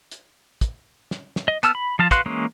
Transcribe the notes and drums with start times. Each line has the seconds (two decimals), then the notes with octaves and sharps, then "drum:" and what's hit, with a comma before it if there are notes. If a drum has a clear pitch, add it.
0.11 drum: hi-hat
0.61 drum: kick, hi-hat
1.11 drum: snare
1.36 drum: snare
1.48 D#5
1.63 B3 A5 E6 F6, drum: hi-hat
1.75 B5
1.99 F3 F4 A5
2.11 F#4 B4 F5 C6 F#6, drum: kick, hi-hat
2.26 E3 G#3 A#3 C#4